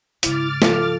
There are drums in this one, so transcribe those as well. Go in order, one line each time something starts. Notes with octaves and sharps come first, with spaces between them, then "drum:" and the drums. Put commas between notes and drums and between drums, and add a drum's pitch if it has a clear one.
G#2 C#3 E4 D6 F6 A6, drum: hi-hat
F3 A4, drum: snare